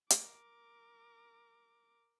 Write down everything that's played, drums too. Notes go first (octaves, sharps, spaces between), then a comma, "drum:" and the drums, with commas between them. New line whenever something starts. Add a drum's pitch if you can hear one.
A#4 D6, drum: hi-hat